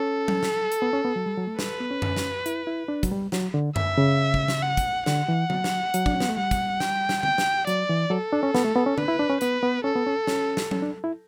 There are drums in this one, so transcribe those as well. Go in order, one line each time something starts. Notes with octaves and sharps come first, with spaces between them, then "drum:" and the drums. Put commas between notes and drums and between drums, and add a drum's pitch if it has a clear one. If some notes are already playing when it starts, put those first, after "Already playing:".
Already playing: C#4 A4
drum: tom F#3
drum: snare
drum: hi-hat
B3
C#4
B3
F#3
G3
F#3
A3
G3 B4, drum: snare
B3
C#4
drum: tom F#2
drum: snare
E4, drum: hi-hat
E4
D4
F#3, drum: kick, hi-hat
G3
F#3, drum: snare
D3
E5, drum: tom F#2
C#3
drum: kick
drum: snare
F#5
drum: kick, hi-hat
D3 F#5, drum: snare
E3
F#3, drum: tom D3
drum: snare
F#3, drum: hi-hat
D4, drum: kick
C#4
B3, drum: snare
A3
G3 F#5
drum: kick, hi-hat
G5, drum: snare
drum: snare
G5, drum: tom D3
drum: snare
F#3 D5, drum: hi-hat
E3
F#3 A4
D4
C#4
B3, drum: snare
A3
B3
C#4
D4 B4, drum: tom D3
E4
D4
C#4
B3 B4, drum: hi-hat
B3
C#4 A4
B3
C#4
C#4, drum: snare
drum: snare
C#4, drum: tom F#3
D4
E4